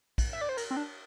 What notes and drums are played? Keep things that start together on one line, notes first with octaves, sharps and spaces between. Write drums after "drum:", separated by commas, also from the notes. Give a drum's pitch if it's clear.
drum: kick, cymbal
E5
D5
C5
A#4, drum: cymbal
C4
D4